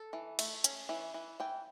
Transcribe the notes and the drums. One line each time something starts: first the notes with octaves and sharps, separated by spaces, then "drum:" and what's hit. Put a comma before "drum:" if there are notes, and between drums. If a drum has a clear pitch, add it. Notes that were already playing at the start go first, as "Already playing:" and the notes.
Already playing: A4
E3
A3, drum: cymbal
C#4, drum: hi-hat
E3
E3
E3 G5